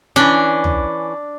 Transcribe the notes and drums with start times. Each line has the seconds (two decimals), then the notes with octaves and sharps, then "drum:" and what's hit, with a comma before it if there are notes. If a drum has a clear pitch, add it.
0.16 E3 C#4 D4
0.64 drum: tom